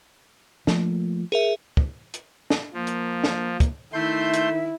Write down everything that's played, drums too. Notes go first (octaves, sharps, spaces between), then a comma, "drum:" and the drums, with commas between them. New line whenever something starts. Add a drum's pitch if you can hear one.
F3 A3 A#3, drum: snare
G#4 A#4 E5
drum: kick
drum: hi-hat
drum: snare
F3 A#3
drum: hi-hat
drum: snare
drum: kick, hi-hat
D#3 A3 E4 E5 C6 G6
drum: hi-hat